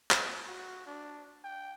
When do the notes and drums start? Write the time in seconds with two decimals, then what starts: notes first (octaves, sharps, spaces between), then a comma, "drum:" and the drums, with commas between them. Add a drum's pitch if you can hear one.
0.11 C4, drum: clap
0.48 F#4
0.86 D4
1.44 G5